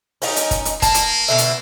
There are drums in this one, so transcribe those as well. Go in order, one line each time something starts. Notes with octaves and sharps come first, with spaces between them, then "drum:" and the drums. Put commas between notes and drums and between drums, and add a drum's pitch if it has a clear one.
C#4 D#4, drum: open hi-hat
drum: hi-hat
drum: kick, hi-hat
drum: hi-hat
A#3 A5, drum: kick, hi-hat
drum: hi-hat
B2 D3 E5
drum: hi-hat